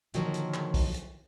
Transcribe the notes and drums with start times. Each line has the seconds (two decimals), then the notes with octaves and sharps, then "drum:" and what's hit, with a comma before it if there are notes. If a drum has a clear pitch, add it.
0.14 A#2 D3 D#3 F3 F#3 A#4, drum: hi-hat
0.34 drum: hi-hat
0.54 drum: clap
0.74 drum: kick B1, open hi-hat
0.94 drum: hi-hat